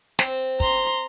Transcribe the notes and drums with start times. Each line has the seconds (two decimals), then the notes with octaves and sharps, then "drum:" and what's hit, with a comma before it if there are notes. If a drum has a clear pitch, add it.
0.19 C4, drum: snare
0.60 A#5 C6, drum: kick